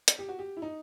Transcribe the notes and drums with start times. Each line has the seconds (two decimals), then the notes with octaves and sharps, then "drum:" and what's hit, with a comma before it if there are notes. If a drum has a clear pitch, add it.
0.08 drum: hi-hat
0.19 G4
0.29 F#4
0.39 G4
0.57 E4
0.62 D#4